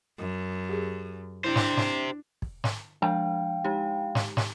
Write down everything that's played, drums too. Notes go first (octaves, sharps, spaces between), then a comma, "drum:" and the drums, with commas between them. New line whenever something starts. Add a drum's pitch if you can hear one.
F#2
G4 G#4
D4 E4 G4 C5
drum: snare
drum: snare
drum: kick
drum: snare
F3 G#3 D4 F5 G5
G#3 D#4 G4
drum: snare
drum: snare